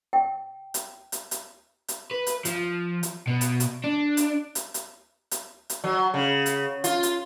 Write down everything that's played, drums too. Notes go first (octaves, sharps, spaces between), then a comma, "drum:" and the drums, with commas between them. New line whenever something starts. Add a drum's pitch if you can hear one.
G5
drum: hi-hat
drum: hi-hat
drum: hi-hat
drum: hi-hat
B4
drum: hi-hat
F3, drum: hi-hat
drum: hi-hat
B2
drum: hi-hat
drum: hi-hat
D4
drum: hi-hat
drum: hi-hat
drum: hi-hat
drum: hi-hat
drum: hi-hat
F#3
C#3
drum: hi-hat
F4, drum: hi-hat
drum: hi-hat